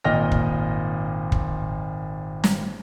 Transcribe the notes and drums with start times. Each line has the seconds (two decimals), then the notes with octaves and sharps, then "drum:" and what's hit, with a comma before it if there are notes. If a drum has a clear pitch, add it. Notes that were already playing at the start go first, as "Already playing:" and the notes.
0.04 G#1 A#2 D#5 G5 F6 A#6
0.31 drum: kick
1.32 drum: kick
2.44 drum: snare